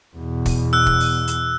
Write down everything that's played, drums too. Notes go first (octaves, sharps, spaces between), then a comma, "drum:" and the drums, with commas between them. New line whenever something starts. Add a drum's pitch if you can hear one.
E2 B2
drum: kick, open hi-hat
E6 F#6
drum: kick
drum: open hi-hat
drum: hi-hat